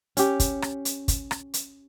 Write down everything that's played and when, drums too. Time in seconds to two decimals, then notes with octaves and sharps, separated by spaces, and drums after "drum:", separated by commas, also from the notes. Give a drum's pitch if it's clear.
0.17 C#4 G4, drum: hi-hat
0.40 drum: kick, hi-hat
0.62 drum: rim click
0.85 drum: hi-hat
1.08 drum: kick, hi-hat
1.31 drum: rim click
1.54 drum: hi-hat